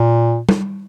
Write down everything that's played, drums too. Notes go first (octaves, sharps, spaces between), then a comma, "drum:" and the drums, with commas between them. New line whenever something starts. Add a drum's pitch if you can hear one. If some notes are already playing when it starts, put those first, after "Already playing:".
Already playing: A#2
drum: tom